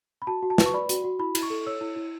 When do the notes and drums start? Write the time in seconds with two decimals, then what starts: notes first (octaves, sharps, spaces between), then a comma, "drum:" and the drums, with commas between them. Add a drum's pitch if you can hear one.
0.22 B5
0.27 F#4 A5
0.43 F#4
0.50 A5
0.58 B4, drum: snare
0.66 C#6
0.74 D5 B5
0.89 F#4, drum: hi-hat
1.04 F#4
1.19 E4 B5
1.35 E4, drum: cymbal
1.43 C#6
1.50 A4
1.67 C#5 E6
1.81 E4
1.96 E4